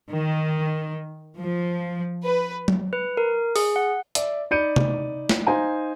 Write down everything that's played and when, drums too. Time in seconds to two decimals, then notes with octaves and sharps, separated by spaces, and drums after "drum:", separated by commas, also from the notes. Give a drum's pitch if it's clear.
0.11 D#3
1.38 F3
2.23 B4
2.68 drum: tom F#3
2.93 B4
3.17 A#4
3.56 G#4, drum: open hi-hat
3.76 F#5
4.15 D5 E5, drum: hi-hat
4.51 D#4 D5 B5 G6 C#7 D#7
4.76 drum: tom C3
5.29 drum: snare
5.47 D#4 C5 F5 G#5 A#5